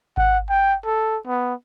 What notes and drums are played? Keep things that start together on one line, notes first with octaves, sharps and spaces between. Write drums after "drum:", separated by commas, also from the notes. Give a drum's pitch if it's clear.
F#5, drum: kick G#1
G5
A4
B3